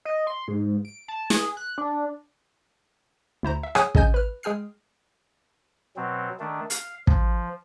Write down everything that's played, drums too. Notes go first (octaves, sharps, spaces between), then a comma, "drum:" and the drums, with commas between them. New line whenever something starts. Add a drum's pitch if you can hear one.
D#5
C6
G#2
D7
A5
G#4, drum: snare
F#6
D4
D2 E4 C5 A#5
E5
G#4 C#5 G#5 D#6 E6, drum: rim click
A#1 C#3 D#5 G#5 G6, drum: kick
B4 F6
G#3 G#4 G5 F6 C7
B2 F#3 C4
D#3 A3 D4
F5, drum: hi-hat
F3, drum: kick